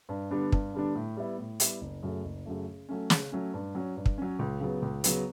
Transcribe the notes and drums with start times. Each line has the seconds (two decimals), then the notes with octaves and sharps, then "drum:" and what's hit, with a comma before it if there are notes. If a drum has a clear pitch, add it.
0.09 G2
0.31 D3 G3 B3 D4
0.52 G2, drum: kick
0.74 D3 G3 B3 D4
0.95 A2
1.17 G3 B3 E4
1.38 A2
1.60 G3 B3 E4, drum: hi-hat
1.81 F#1
2.03 F#2 C#3 F#3 A3
2.24 F#1
2.46 F#2 C#3 F#3 A3
2.67 C#3
2.89 F#3 A3 C#4
3.10 C#3, drum: snare
3.32 F#3 A3 C#4
3.54 G2
3.75 F#3 C#4
3.96 G2
4.06 drum: kick
4.18 F#3 C#4
4.39 C#2
4.60 C#3 F#3 B3
4.82 C#2
5.04 C#3 F#3 B3, drum: hi-hat